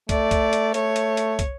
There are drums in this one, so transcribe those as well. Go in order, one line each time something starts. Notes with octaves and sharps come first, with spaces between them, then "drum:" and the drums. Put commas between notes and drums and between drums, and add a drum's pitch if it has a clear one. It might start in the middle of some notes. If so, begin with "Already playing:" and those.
A3 D5, drum: kick, hi-hat
drum: kick, hi-hat
drum: hi-hat
A3 C#5, drum: hi-hat
drum: hi-hat
drum: hi-hat
drum: kick, hi-hat